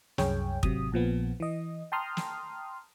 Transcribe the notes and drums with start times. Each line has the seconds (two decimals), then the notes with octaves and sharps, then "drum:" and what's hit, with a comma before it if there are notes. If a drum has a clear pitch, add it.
0.18 C2 F#2 G#4 C#5 G5, drum: snare
0.63 G#1 C3 F#3 D#6, drum: kick
0.92 A#1 A#2 F3 B3
1.40 E3 D#5
1.92 G5 A5 A#5 C6 D#6 F6
2.17 drum: snare